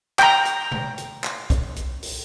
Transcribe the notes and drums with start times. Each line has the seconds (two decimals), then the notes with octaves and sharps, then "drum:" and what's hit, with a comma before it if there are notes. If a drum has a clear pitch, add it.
0.19 G5 A#5, drum: clap
0.45 drum: hi-hat
0.71 drum: tom B2
0.98 drum: hi-hat
1.24 drum: clap
1.50 drum: kick, hi-hat
1.76 drum: hi-hat
2.03 drum: open hi-hat